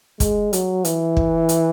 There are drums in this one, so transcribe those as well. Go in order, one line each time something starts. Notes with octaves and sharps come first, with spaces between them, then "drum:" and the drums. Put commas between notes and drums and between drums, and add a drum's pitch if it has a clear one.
G#3, drum: kick, hi-hat
F#3, drum: hi-hat
E3, drum: hi-hat
drum: kick
drum: hi-hat